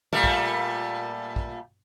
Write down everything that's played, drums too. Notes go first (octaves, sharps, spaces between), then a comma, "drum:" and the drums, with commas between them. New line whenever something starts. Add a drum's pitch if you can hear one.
A#2 G3 A3
drum: kick
drum: kick